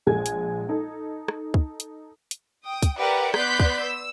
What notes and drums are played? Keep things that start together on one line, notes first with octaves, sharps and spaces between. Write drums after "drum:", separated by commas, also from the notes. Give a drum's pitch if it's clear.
A#1 G#3 G#5 G#6
drum: hi-hat
D#4 A4
drum: rim click
drum: kick
drum: hi-hat
drum: hi-hat
G5 D#6
drum: kick, hi-hat
G4 A#4 B4 D5 E5 F#5
B3 D5 C6 F#6 G6 B6, drum: rim click
drum: kick
E6